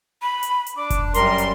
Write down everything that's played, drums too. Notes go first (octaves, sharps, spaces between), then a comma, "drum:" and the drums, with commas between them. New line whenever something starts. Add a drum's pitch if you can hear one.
B5
drum: hi-hat
drum: hi-hat
D4 D6
drum: kick F1, hi-hat
F#2 G3 A#4 C6, drum: hi-hat
drum: hi-hat